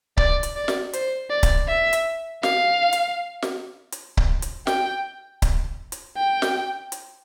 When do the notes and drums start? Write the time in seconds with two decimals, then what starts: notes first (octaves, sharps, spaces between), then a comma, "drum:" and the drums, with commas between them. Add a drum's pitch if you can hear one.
0.17 D5, drum: kick C#1
0.43 drum: hi-hat
0.56 D5
0.68 drum: snare
0.93 C5, drum: hi-hat
1.31 D5
1.43 drum: kick C#1, hi-hat
1.68 E5
1.93 drum: hi-hat
2.43 F5, drum: snare
2.93 drum: hi-hat
3.42 drum: snare
3.92 drum: hi-hat
4.17 drum: kick C#1
4.42 drum: hi-hat
4.67 G5, drum: snare
5.42 drum: kick C#1, hi-hat
5.92 drum: hi-hat
6.17 G5
6.42 drum: snare
6.92 drum: hi-hat